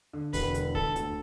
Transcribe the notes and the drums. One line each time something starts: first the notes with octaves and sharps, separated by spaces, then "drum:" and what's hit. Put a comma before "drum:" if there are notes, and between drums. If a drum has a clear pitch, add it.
D3
E1 B4, drum: kick, open hi-hat
D3, drum: hi-hat
D3 A4, drum: kick
D2, drum: hi-hat